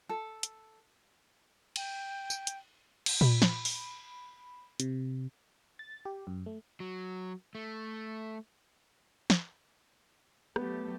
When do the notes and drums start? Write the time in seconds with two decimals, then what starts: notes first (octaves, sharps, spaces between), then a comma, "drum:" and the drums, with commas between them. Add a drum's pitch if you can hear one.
0.09 A4
0.43 drum: hi-hat
1.76 G5, drum: cymbal
2.30 drum: tambourine
2.47 drum: hi-hat
3.06 drum: cymbal
3.21 B5, drum: tom A#2
3.42 drum: snare
3.65 drum: open hi-hat
4.80 C3, drum: hi-hat
5.79 A6
6.05 G4
6.27 F#2
6.46 A3
6.80 F#3
7.55 A3
9.30 drum: snare
10.56 F#3 A3 B3 G4, drum: rim click